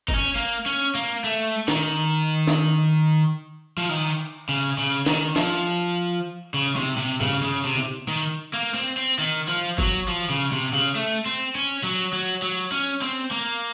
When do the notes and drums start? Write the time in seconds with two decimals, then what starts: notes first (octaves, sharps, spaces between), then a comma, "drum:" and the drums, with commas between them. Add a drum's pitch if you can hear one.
0.08 D#4, drum: kick F#1
0.13 C#4
0.36 A#3
0.66 C#4
0.95 A#3
1.24 A3
1.68 D#3, drum: snare
2.47 drum: snare
3.78 F3
3.89 D#3, drum: cymbal
4.49 C#3, drum: hi-hat
4.78 C#3
5.06 D#3, drum: snare
5.36 F3, drum: snare
5.67 drum: hi-hat
6.54 C#3
6.76 C3, drum: tom C#3
6.98 C3
7.21 C#3, drum: tom G2
7.43 C#3
7.65 C3
7.76 drum: tom C#3
8.08 D#3, drum: tambourine
8.53 A#3
8.74 C4
8.97 C4
9.19 D#3
9.48 F3
9.78 F#3, drum: kick F#1
10.08 F3
10.30 C#3
10.52 C3
10.73 C#3
10.95 A3
11.26 C4
11.55 C#4
11.84 F#3, drum: hi-hat
12.13 F#3
12.42 F#3
12.72 C#4
13.02 C4, drum: hi-hat
13.20 drum: hi-hat
13.31 A#3